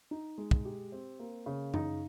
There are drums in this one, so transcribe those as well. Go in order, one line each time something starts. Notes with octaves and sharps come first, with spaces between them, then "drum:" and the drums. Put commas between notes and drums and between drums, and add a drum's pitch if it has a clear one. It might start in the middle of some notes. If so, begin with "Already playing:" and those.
D#4
G#3
drum: kick
G4
C4
A#3
C#3
D#4, drum: tom F#2